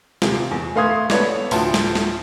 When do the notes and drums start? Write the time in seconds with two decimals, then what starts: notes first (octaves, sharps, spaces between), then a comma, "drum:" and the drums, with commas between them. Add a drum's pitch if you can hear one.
0.22 D#1 C3 F4, drum: snare
0.51 E2
0.75 A3 B4 F5 C6 D#6 G#6
1.10 B3 A4 B4 C#5 D5, drum: snare
1.51 D2 A2 F3 A5 C6, drum: open hi-hat
1.74 drum: snare
1.95 drum: snare